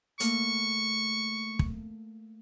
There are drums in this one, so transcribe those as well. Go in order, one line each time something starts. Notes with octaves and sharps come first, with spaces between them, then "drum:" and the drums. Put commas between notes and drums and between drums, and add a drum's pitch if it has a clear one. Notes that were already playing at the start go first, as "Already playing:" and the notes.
A3 A#3 C#6, drum: hi-hat
drum: kick